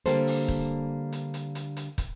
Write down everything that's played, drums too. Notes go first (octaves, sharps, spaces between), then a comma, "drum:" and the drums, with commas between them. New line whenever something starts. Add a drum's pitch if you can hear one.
D3 G3 A#3 D4 A4 C5, drum: hi-hat
drum: open hi-hat
drum: kick
drum: hi-hat
drum: hi-hat
drum: hi-hat
drum: hi-hat
drum: kick, hi-hat